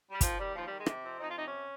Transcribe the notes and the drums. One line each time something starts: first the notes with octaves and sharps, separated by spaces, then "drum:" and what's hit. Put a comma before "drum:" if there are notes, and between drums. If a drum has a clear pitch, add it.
G3
D#3 F3, drum: kick, hi-hat
D#3 G3
D#2 F3
G3
D#3
G#3
C3, drum: rim click
F2 C4
F2 D#4
F4
C3 D#4
C#4